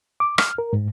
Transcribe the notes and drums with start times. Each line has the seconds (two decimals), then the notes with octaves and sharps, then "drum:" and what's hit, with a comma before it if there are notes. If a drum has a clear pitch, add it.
0.20 D6
0.38 F6, drum: rim click
0.58 A#4
0.73 G#2